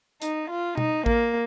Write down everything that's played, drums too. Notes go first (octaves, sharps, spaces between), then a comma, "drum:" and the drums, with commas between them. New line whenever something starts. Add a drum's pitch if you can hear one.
D#4, drum: hi-hat
F4
D#4, drum: tom B2
A#3, drum: kick A1